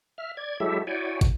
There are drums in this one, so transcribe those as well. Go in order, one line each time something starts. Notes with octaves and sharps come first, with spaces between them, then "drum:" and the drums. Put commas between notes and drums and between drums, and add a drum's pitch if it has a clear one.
E5 F6
D5 G#6
F#3 G#3 E4 G4 A4 E5
E4 F#4 C#5 D5 G5 G#5
drum: kick, hi-hat